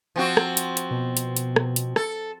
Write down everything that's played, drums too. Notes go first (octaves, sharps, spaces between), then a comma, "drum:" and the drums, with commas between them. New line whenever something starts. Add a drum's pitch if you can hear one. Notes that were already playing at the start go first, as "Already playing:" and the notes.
F3 C4 F#4
drum: rim click
drum: hi-hat
drum: hi-hat
B2
drum: hi-hat
drum: hi-hat
drum: rim click
drum: hi-hat
A4, drum: rim click